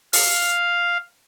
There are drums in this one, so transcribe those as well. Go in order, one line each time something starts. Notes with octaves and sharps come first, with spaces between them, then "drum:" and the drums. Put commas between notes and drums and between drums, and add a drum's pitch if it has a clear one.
F5, drum: open hi-hat